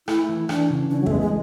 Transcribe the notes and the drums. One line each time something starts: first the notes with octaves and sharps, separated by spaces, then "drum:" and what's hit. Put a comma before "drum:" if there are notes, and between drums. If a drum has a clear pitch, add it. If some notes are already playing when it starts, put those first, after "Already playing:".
A3 E4, drum: rim click
E3
E3 D4, drum: rim click
C#3
E3 D4
F#3
A3, drum: kick
G#3 B3
G#3